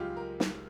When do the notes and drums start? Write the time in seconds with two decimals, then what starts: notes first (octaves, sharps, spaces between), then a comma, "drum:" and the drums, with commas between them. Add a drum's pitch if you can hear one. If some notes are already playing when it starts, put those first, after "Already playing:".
Already playing: C#2 G#3 F4 G4
0.17 A#4
0.40 drum: snare